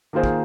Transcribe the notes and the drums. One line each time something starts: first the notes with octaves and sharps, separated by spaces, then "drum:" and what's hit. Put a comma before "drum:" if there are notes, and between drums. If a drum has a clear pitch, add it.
D#3 A#3 F4 G#4 C5
drum: kick